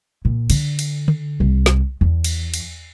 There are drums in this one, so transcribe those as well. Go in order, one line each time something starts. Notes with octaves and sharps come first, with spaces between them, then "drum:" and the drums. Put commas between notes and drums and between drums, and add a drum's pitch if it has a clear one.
A#2
D3, drum: cymbal
drum: cymbal
drum: tom D3
C2
drum: snare
E2
drum: cymbal
drum: cymbal